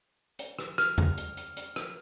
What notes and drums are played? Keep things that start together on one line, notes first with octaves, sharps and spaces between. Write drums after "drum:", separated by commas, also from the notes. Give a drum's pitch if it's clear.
drum: hi-hat
drum: rim click
F6, drum: rim click
drum: tom E2
drum: hi-hat
drum: hi-hat
drum: hi-hat
drum: rim click